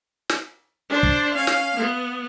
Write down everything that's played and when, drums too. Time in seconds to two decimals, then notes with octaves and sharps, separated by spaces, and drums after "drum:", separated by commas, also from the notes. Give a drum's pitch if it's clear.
0.29 drum: snare
0.90 D4 C5
1.03 drum: kick
1.34 C#4 F5
1.47 drum: snare
1.77 B3